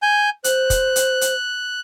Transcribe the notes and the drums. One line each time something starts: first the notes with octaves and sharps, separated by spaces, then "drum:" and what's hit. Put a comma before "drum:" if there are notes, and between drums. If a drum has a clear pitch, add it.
G#5 G6
C5 F#6, drum: hi-hat
drum: kick, hi-hat
drum: hi-hat
drum: hi-hat